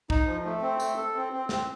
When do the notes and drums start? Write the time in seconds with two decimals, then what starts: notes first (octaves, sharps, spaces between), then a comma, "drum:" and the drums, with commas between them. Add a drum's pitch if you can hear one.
0.10 D#4, drum: kick
0.27 F3
0.45 A3
0.62 C4
0.80 A3, drum: tambourine
0.97 A4
1.15 C4
1.33 C4
1.49 C4, drum: snare